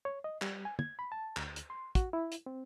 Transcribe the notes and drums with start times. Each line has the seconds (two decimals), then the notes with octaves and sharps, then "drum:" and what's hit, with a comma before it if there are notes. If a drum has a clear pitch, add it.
0.05 C#5
0.24 D#5
0.42 G3, drum: clap
0.65 G#5
0.79 G#6, drum: tom
0.99 B5
1.12 A5
1.37 D2, drum: clap
1.56 drum: hi-hat
1.70 C6
1.95 F#4, drum: kick, hi-hat
2.13 E4
2.32 drum: hi-hat
2.46 C4